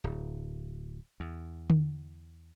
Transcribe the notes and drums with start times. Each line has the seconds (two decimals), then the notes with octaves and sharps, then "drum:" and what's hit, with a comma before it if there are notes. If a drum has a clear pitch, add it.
0.04 D1
1.20 E2
1.70 drum: tom D3